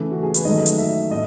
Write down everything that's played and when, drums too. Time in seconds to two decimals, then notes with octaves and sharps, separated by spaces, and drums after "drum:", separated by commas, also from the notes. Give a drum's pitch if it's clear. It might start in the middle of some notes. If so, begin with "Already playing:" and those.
Already playing: C#3 E3 A3
0.11 F#4
0.23 G#4
0.34 B4, drum: hi-hat
0.45 D#3 F#3 A3 D#5
0.66 drum: hi-hat
0.78 E5
1.10 A2 D#5